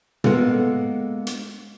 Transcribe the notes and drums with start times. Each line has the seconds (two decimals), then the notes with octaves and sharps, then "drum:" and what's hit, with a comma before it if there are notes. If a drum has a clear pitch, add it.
0.24 G#3 A#3 B3 A4 A#4 F#5, drum: tom
1.27 drum: hi-hat